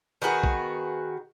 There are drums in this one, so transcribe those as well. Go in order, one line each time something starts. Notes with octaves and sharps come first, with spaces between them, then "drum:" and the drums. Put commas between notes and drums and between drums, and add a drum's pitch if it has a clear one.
D#3 B3 F#4 G#4
drum: kick